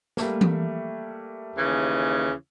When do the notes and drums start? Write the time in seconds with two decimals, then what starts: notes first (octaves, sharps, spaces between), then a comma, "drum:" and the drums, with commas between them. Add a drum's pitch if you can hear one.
0.17 G3 A3 A#3, drum: snare
0.41 drum: tom E3
1.56 D#2 C#3 E3